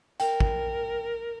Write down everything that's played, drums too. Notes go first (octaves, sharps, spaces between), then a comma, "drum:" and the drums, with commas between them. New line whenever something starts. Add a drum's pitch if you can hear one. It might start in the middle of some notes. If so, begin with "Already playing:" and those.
A#4 G5, drum: hi-hat
drum: kick